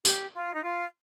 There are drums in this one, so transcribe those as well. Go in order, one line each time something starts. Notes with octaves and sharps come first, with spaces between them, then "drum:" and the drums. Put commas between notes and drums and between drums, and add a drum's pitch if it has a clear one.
G4, drum: tambourine
F4
D#4
F4